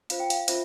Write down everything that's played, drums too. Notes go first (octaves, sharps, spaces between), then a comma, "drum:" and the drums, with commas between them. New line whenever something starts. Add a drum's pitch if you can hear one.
F4 C5 F5, drum: hi-hat
G5
F5, drum: hi-hat
F4 C5 E5, drum: hi-hat